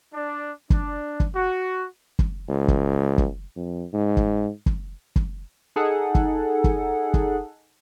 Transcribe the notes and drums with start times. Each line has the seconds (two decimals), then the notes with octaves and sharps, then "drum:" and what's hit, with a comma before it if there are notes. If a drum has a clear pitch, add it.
0.13 D4
0.70 D4, drum: kick
1.20 drum: kick
1.34 F#4
2.19 drum: kick
2.48 C#2
2.68 drum: kick
3.18 drum: kick
3.56 F2
3.93 G#2
4.17 drum: kick
4.66 drum: kick
5.16 drum: kick
5.76 D#4 G#4 A4 F#5
6.15 drum: kick
6.64 drum: kick
7.14 drum: kick